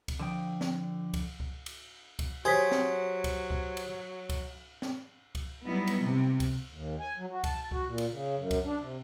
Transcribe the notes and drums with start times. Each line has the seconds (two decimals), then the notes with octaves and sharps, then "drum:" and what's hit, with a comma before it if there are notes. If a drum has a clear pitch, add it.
0.08 drum: kick C#2, cymbal
0.20 D3 F3 G5
0.61 drum: snare
1.14 drum: kick C#2, cymbal
1.40 drum: kick C#2
1.66 drum: cymbal
2.19 drum: kick C#2, cymbal
2.45 F#3 G4 G#4 C5 C#5 B6
2.71 drum: snare
3.24 drum: kick C#2, cymbal
3.50 drum: kick C#2
3.77 drum: cymbal
4.29 drum: kick C#2, cymbal
4.82 drum: snare
5.35 drum: kick C#2, cymbal
5.64 F#3 G3 B3 D#4 E4
5.87 drum: cymbal
6.01 C3
6.40 drum: kick C#2, cymbal
6.70 D#2
7.00 G#5
7.18 F#3
7.31 F#4
7.44 A5, drum: kick C#2, cymbal
7.71 F#4, drum: kick C#2
7.87 A#2
7.98 drum: cymbal
8.10 C#3
8.36 F#2
8.51 drum: kick C#2, cymbal
8.66 D4
8.79 C3